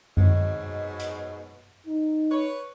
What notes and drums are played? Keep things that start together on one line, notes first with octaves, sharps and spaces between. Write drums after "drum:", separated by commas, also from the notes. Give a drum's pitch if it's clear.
G#2 B2 F#3, drum: tom F#2
drum: hi-hat
D#4
B4 C#5